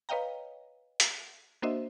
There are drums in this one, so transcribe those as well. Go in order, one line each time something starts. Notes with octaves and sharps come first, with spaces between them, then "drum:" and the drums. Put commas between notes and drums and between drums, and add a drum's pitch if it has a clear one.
B4 C#5 D#5 F5 G5 A#5
drum: hi-hat
A#3 D4 F#4 C5 D#5 E5